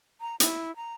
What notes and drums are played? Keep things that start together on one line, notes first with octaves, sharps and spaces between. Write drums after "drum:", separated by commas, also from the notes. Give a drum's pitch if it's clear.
A#5
E4, drum: hi-hat
A#5